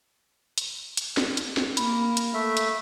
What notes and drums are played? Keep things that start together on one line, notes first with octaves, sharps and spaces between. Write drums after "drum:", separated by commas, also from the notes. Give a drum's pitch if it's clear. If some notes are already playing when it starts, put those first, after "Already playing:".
drum: hi-hat
drum: hi-hat
drum: snare
drum: hi-hat
drum: snare
A#3 B5, drum: hi-hat
drum: hi-hat
A3 E5
drum: hi-hat